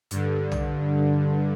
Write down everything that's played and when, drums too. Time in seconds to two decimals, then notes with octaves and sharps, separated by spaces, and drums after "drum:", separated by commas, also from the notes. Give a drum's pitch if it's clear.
0.11 G2 D3, drum: hi-hat
0.52 drum: tom